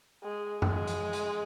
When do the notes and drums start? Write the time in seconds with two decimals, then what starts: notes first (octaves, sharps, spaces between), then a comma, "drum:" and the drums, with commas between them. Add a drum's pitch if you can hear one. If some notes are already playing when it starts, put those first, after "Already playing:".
0.23 G#3
0.62 G#3, drum: tom F#2
0.87 drum: hi-hat
1.13 drum: hi-hat